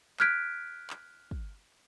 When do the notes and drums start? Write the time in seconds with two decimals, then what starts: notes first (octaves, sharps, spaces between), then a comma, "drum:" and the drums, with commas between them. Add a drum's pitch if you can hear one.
0.20 F6 F#6 G#6 B6 D7, drum: clap
0.90 drum: clap
1.31 drum: kick